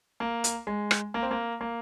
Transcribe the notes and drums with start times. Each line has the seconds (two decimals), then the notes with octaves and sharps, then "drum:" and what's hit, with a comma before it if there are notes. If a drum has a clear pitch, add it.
0.20 A#3
0.44 drum: hi-hat
0.67 G#3
0.91 drum: rim click
1.14 A#3
1.23 C4
1.31 A#3
1.61 A#3